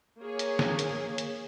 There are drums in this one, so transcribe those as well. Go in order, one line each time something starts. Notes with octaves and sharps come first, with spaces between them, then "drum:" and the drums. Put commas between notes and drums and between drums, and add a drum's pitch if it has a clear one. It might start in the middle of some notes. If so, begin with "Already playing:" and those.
A#3 G#4 C#5
drum: hi-hat
drum: snare
drum: hi-hat
drum: hi-hat